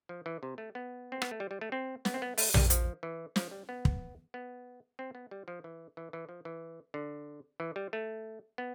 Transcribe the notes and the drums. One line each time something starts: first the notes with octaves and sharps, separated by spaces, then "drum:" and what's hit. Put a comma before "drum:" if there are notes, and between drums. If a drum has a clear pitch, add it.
F3
E3
C3
A3
B3
C4
B3, drum: rim click
A3
G3
G3
A3
C4
B3, drum: snare
C4
B3
A3, drum: open hi-hat
G3, drum: tom A#1
F3, drum: hi-hat
E3
F3, drum: snare
G3
B3
drum: kick
B3
C4
B3
G3
F3
E3
E3
E3
F3
E3
D3
E3
G3
A3
B3